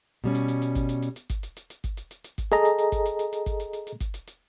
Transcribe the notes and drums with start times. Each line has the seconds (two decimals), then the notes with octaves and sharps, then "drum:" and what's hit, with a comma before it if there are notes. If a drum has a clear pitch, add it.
0.24 B2 G3 C#4
0.35 drum: hi-hat
0.48 drum: hi-hat
0.62 drum: hi-hat
0.76 drum: kick G1, hi-hat
0.89 drum: hi-hat
1.03 drum: hi-hat
1.16 drum: hi-hat
1.30 drum: kick G1, hi-hat
1.43 drum: hi-hat
1.57 drum: hi-hat
1.70 drum: hi-hat
1.84 drum: kick G1, hi-hat
1.97 drum: hi-hat
2.11 drum: hi-hat
2.25 drum: hi-hat
2.38 drum: kick G1, hi-hat
2.52 G#4 A4 D#5 A#5, drum: hi-hat
2.65 drum: hi-hat
2.79 drum: hi-hat
2.92 drum: kick G1, hi-hat
3.06 drum: hi-hat
3.19 drum: hi-hat
3.33 drum: hi-hat
3.46 drum: kick G1, hi-hat
3.60 drum: hi-hat
3.73 drum: hi-hat
3.87 drum: hi-hat
4.01 drum: kick G1, hi-hat
4.14 drum: hi-hat
4.28 drum: hi-hat